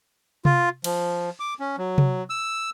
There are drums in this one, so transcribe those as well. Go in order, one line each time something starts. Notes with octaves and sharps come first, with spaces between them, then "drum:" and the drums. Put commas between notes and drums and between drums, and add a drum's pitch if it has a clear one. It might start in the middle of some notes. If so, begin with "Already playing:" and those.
F4, drum: tom C3
F3, drum: cymbal
D6
C#4
F#3
drum: tom C3
E6